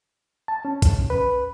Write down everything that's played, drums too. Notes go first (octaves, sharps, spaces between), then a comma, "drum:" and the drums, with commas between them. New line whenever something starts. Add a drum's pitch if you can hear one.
A5
C#4
drum: kick, hi-hat
B4